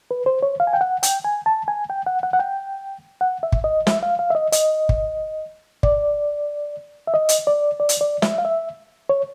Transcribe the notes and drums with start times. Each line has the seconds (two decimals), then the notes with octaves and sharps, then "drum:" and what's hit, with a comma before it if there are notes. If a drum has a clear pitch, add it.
0.11 B4
0.26 C5
0.43 C#5
0.60 F5
0.67 G#5
0.73 G5
0.81 F#5
1.03 G5, drum: hi-hat
1.24 G#5
1.46 A5
1.68 G#5
1.90 G5
2.06 F#5
2.23 F#5
2.33 F#5
2.39 G5
3.21 F#5
3.43 E5
3.52 drum: kick
3.64 D#5
3.87 E5, drum: snare
4.03 F5
4.19 F5
4.30 E5
4.35 D#5
4.52 D#5, drum: hi-hat
4.89 drum: kick
5.83 D5, drum: kick
7.07 E5
7.14 D#5
7.29 drum: hi-hat
7.47 D5
7.80 D5
7.89 drum: hi-hat
8.01 D5
8.22 E5, drum: snare
8.38 F5
8.45 E5
9.09 C#5